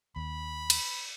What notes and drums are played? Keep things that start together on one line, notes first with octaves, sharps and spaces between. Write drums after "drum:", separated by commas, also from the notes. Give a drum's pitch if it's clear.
D#2 B5
drum: cymbal